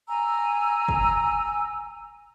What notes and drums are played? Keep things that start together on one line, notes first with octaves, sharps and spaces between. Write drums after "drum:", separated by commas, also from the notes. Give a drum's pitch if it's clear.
G#5 A#5 E6
drum: kick